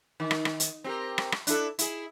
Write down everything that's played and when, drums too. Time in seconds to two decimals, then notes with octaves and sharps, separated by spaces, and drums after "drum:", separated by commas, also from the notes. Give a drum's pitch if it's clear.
0.20 D#3
0.31 drum: rim click
0.45 drum: rim click
0.60 drum: hi-hat
0.84 C4 G4 A#4
1.18 drum: rim click
1.32 drum: rim click
1.47 D4 E4 A4, drum: hi-hat
1.79 E4 G#4, drum: hi-hat